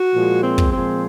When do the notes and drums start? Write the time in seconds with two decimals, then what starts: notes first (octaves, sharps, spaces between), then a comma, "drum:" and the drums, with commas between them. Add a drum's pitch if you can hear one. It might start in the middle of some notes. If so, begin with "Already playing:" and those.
Already playing: F#4
0.13 A#2 F3 G#3
0.42 C4
0.58 drum: kick
0.72 A#2 F3 G#3 C4